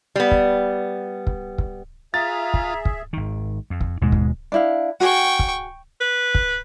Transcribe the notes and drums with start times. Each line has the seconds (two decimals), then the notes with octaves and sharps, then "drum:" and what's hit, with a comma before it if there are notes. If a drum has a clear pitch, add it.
0.16 G3 B3
0.31 drum: kick
1.27 drum: kick
1.58 drum: kick
2.14 F4 G#4 E5 A#5 A6
2.54 drum: kick
2.85 drum: kick
3.13 G#1 D#3
3.70 F2
3.81 drum: kick
4.02 D#2 G#2 B2 G#3
4.12 drum: kick
4.52 D4 E4 F5
5.00 F#4 G#4 G5 C#6
5.39 drum: kick
6.01 B4
6.35 drum: kick